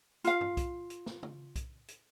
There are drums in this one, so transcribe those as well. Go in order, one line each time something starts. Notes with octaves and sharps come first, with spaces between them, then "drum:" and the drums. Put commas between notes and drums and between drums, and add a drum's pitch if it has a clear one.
F4 F5, drum: hi-hat
drum: tom G2
drum: kick, hi-hat
drum: hi-hat
drum: snare
drum: tom
drum: kick, hi-hat
drum: hi-hat